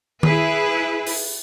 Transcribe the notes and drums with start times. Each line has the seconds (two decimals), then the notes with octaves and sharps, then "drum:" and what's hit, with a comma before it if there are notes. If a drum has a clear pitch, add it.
0.23 E4 G#4 B4, drum: tom
1.07 drum: open hi-hat